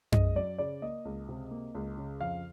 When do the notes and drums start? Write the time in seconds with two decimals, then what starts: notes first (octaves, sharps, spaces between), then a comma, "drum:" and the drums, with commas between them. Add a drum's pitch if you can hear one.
0.12 G#3 D#5, drum: tom F#2
0.36 F#2 D5
0.58 C#3 D5
0.82 A#3 D#5
1.05 C#2
1.29 C3
1.51 A#3
1.75 C#2
1.97 C#3
2.21 F2 F5